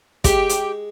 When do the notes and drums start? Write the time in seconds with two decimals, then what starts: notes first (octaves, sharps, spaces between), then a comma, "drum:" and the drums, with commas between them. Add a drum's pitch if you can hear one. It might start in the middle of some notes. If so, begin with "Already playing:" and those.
0.24 G#3 G4, drum: kick, hi-hat
0.49 drum: hi-hat